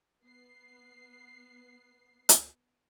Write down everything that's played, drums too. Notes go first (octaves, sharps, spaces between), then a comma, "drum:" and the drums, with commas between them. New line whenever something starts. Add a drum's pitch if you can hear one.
B3 C7
drum: hi-hat